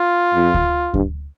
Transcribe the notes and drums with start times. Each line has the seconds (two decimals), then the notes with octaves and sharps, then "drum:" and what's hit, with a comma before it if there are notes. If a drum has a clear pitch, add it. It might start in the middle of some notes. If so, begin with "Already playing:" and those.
Already playing: F4
0.34 F2
0.54 drum: kick D2
0.94 G2, drum: kick D2